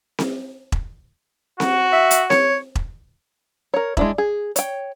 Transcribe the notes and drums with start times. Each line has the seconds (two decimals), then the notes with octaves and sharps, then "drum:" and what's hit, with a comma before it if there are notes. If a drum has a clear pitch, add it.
0.19 drum: snare C4
0.72 drum: kick E1
1.60 F#4, drum: snare C4
1.93 E5
2.11 drum: hi-hat
2.30 C#5, drum: snare C4
2.75 drum: kick E1
3.74 A#4 C#5
3.97 G#3 D4 E4, drum: kick E1
4.18 G#4
4.56 C#5 G5, drum: hi-hat